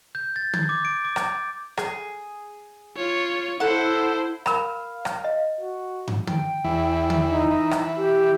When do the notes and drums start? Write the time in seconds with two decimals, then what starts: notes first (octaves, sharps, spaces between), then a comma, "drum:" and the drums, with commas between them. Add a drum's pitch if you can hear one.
0.15 G6
0.36 A6
0.54 G#6, drum: tom
0.69 D6
0.85 D7
1.05 D6
1.16 drum: rim click
1.77 G#4, drum: rim click
2.96 F4 C#5
3.60 E4 A4 C5 F#5
4.46 A#4 F5 B5, drum: rim click
5.05 drum: rim click
5.24 D#5
5.60 F#4
6.08 drum: tom
6.27 G5, drum: tom
6.64 E2 E3
7.10 drum: tom
7.30 D#4
7.51 E3
7.71 drum: rim click
7.97 G4